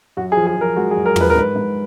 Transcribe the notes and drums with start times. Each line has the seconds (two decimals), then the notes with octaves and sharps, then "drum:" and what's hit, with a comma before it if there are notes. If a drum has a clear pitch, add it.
0.17 F#2 F#4
0.32 G#4
0.37 F3
0.47 G#4
0.57 F3 A#4
0.76 G#3 F#4
0.91 G#4
0.97 F#2
1.06 A#4
1.16 F3 B4, drum: tom
1.30 A#4
1.35 G#2 B4
1.56 G#2